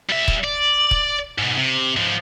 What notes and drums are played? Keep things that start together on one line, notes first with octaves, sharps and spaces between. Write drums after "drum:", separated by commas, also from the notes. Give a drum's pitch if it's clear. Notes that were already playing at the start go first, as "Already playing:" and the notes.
G3 E5
drum: kick
D5
drum: kick
G#2 B2
C3
G#2 F3